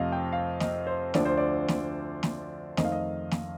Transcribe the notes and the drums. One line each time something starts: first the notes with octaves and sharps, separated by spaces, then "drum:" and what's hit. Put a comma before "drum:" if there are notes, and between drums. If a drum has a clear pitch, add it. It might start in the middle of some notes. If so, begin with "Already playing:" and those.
Already playing: F2 C3 F3 A3 D#5 F5
G5
F5
D#5, drum: snare
C5
D2 D3 F3 D5, drum: snare
C5
D5
drum: snare
drum: snare
F2 D#3 A3 D#5, drum: snare
F5
D#5
drum: snare